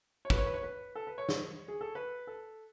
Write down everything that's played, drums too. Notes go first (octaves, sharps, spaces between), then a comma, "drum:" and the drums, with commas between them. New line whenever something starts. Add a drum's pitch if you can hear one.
C#5
B4, drum: kick
C#5
B4
C#5
B4
A4
B4
C#5
drum: snare
G#4
A4
B4
A4